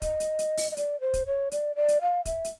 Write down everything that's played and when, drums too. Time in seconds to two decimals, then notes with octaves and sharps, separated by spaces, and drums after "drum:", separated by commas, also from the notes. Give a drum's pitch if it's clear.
0.02 D#5, drum: kick, hi-hat
0.20 drum: hi-hat
0.39 drum: hi-hat
0.57 drum: open hi-hat
0.71 D#5
0.77 D5, drum: hi-hat
1.01 C5
1.14 drum: kick, hi-hat
1.26 C#5
1.51 D5, drum: hi-hat
1.76 D5
1.88 drum: hi-hat
2.01 F5
2.25 E5, drum: kick, hi-hat
2.44 drum: hi-hat